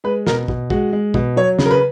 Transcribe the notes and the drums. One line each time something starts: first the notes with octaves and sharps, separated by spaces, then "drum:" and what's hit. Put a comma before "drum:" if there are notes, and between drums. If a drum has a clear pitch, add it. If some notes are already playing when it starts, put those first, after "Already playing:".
G#3 B4
B2 A#4, drum: snare
B2, drum: kick
G#3 F#4, drum: kick
G#3
B2, drum: kick
F#3 C#5
C#3, drum: snare
A#4
B4